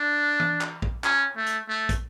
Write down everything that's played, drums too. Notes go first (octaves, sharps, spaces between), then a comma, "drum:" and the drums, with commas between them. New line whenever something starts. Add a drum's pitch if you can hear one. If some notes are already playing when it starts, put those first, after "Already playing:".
Already playing: D4
drum: tom
drum: clap
drum: kick
C#4, drum: clap
A3
drum: hi-hat
A3
drum: kick, hi-hat